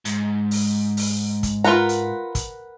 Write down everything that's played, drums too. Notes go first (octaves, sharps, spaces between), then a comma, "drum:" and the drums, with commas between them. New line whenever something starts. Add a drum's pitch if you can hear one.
G#2, drum: hi-hat
drum: open hi-hat
drum: open hi-hat
drum: kick, hi-hat
F4 A#4 B4 F#5 A#5
drum: hi-hat
drum: kick, hi-hat